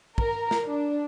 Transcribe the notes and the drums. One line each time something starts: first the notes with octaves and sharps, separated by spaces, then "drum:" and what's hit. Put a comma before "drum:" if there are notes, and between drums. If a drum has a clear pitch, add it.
A#4, drum: kick
drum: snare
D4